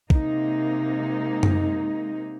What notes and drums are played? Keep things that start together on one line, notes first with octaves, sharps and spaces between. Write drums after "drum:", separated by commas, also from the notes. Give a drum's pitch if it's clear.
C3 G#3 A#3 D#4, drum: kick
drum: tom F#2